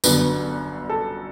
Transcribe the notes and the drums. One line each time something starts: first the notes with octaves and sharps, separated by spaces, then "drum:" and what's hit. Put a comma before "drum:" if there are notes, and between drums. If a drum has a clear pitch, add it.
G1 F#2 D3 B3, drum: tambourine
A4